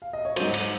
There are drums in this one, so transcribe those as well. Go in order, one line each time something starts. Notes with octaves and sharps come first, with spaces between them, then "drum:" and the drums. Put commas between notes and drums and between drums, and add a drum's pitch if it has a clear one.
F5
D#5
C#5
G#2 F#3 C5, drum: cymbal
drum: cymbal